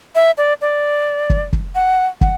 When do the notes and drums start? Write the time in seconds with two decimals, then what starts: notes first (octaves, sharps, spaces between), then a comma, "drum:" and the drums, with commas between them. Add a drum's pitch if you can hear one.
0.15 E5
0.38 D5
0.61 D5
1.30 drum: kick
1.53 drum: kick
1.75 F#5
2.21 F#5, drum: kick